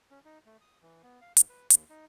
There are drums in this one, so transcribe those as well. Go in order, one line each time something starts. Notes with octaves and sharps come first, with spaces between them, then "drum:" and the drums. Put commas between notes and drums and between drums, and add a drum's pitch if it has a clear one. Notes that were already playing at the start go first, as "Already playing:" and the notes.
C#4
D#4
A3
D#6
E3
B3
F5
G#2, drum: hi-hat
B4
D#2, drum: hi-hat
D#4